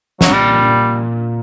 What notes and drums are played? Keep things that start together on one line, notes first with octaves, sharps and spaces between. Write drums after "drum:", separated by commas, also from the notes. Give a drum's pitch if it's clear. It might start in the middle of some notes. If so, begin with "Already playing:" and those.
F#3, drum: snare
G2
A#2 G3